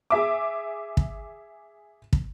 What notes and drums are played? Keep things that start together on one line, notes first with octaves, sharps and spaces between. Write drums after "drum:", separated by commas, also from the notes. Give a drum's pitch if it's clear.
G#4 E5 D6
drum: kick
drum: kick